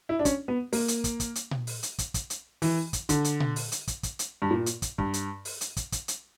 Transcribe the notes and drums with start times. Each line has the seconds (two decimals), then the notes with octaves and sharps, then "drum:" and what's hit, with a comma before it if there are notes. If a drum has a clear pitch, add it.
0.09 E4
0.19 D4
0.25 C#4, drum: kick, hi-hat
0.48 B3
0.73 A#3, drum: open hi-hat
0.88 drum: hi-hat
1.04 drum: kick, hi-hat
1.20 drum: kick, hi-hat
1.35 drum: hi-hat
1.51 drum: tom A#2
1.67 drum: open hi-hat
1.83 drum: hi-hat
1.98 drum: kick, hi-hat
2.14 drum: kick, hi-hat
2.30 drum: hi-hat
2.62 E3, drum: open hi-hat
2.93 drum: kick, hi-hat
3.09 D3, drum: kick, hi-hat
3.24 drum: hi-hat
3.40 drum: tom A#2
3.56 drum: open hi-hat
3.72 drum: hi-hat
3.88 drum: kick, hi-hat
4.03 drum: kick, hi-hat
4.19 drum: hi-hat
4.42 G2
4.51 A#2
4.66 drum: hi-hat
4.82 drum: kick, hi-hat
4.98 G2, drum: kick
5.14 drum: hi-hat
5.45 drum: open hi-hat
5.61 drum: hi-hat
5.77 drum: kick, hi-hat
5.92 drum: kick, hi-hat
6.08 drum: hi-hat